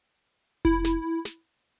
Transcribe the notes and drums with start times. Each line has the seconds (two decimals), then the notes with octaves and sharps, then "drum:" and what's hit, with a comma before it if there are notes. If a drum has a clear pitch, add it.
0.65 E4, drum: kick F1
0.85 drum: snare
1.25 drum: snare